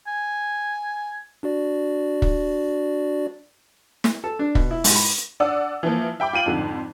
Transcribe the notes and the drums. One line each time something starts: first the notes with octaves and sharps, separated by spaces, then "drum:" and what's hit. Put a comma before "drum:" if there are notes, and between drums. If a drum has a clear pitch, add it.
G#5
D4 F#4 D5
drum: kick
drum: snare
A4
D4
B2, drum: kick
E4
G#2, drum: open hi-hat
B5
D4 D5 F#5 D#6 E6
E3 F3 A#3
E5 G5 B5 D6
F4 G5 D#7 F#7
F2 G#2 D3